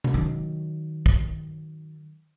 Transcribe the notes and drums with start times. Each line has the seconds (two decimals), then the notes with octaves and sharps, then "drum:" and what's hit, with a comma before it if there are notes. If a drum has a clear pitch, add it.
0.04 drum: tom C3
0.14 D#3 F#3
1.06 drum: kick